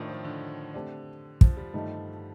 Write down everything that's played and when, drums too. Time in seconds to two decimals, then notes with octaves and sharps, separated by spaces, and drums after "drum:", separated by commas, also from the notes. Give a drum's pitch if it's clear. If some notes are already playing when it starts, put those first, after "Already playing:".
Already playing: A2 D#3 A3 D4 F4 C5 D#5
0.09 F3
0.24 D3
0.74 A3 C4 G4 D5
1.41 F3, drum: kick
1.57 G3
1.74 G2 D#3 A3 D#4 G4